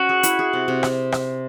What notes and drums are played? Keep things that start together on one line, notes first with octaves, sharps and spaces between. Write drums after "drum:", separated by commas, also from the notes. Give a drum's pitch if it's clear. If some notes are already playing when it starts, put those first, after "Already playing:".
Already playing: C#4 F#4
G#4
E4, drum: hi-hat
G#4
C3
C3
drum: rim click
drum: rim click